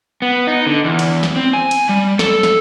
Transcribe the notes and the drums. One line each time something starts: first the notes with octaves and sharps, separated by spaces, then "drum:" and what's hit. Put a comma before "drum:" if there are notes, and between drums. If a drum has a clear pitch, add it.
B3
D#4
D3
E2
drum: cymbal
drum: snare
C4
G#5
drum: cymbal
G3
A4, drum: snare
drum: snare